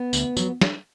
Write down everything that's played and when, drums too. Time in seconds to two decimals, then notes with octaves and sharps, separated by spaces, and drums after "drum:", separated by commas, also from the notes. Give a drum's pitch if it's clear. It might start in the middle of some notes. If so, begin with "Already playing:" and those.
Already playing: B3
0.13 D2, drum: tambourine
0.37 F#3, drum: tambourine
0.61 drum: snare